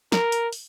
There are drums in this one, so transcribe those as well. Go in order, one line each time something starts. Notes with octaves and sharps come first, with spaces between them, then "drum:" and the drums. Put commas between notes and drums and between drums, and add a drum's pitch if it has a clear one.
A#4, drum: snare
drum: hi-hat
drum: open hi-hat